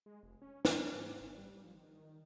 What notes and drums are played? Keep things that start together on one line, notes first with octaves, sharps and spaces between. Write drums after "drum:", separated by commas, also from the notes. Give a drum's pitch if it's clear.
G#3
F1
C#4
D3, drum: snare
G#2
G1
G3
F3
D#3
D#3